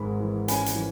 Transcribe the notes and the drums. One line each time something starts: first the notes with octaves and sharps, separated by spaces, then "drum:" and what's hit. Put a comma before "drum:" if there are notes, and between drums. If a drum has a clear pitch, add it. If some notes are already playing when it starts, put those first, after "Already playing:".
Already playing: G#1 G#2 G#3 B5
E3
C#4 G#5 B5, drum: hi-hat
drum: hi-hat
E3